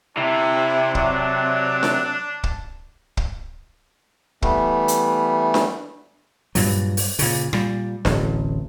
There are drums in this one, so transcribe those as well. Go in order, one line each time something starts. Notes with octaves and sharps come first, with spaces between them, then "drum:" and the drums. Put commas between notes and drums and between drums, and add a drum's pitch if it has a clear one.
C3 D4 E4
F#3 D5, drum: kick
drum: snare D4
drum: kick
drum: kick
E3 G3 A3 B3, drum: kick
drum: hi-hat
drum: snare D4
G2 A#2 F#3, drum: open hi-hat
drum: open hi-hat
A#2 C#3, drum: open hi-hat
A#2 G3, drum: rim click
D1 A1, drum: snare D4